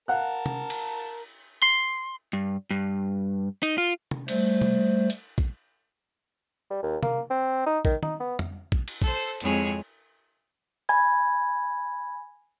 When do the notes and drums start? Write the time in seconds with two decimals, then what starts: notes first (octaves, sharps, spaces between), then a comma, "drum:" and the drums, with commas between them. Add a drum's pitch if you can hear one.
0.08 A#4 F5 F#5 A5 F#6
0.46 drum: tom C3
0.70 drum: cymbal
1.62 C6
2.33 G2
2.71 G2, drum: tambourine
3.63 D#4, drum: hi-hat
3.78 F4
4.11 drum: tom C3
4.28 G3 A3 C5, drum: cymbal
4.61 drum: tom C3
5.10 drum: hi-hat
5.38 drum: kick
6.71 G3
6.83 D#2
7.03 A#3, drum: tom C3
7.31 C4
7.67 D#4
7.85 D#3, drum: kick
8.03 D#4, drum: tom D#3
8.20 B3
8.39 drum: tom F2
8.72 drum: kick
8.88 drum: cymbal
9.02 A4 C5, drum: kick
9.40 F2 G#3 C4 E4 G#4 C#5, drum: hi-hat
10.89 G#5 B5 G#6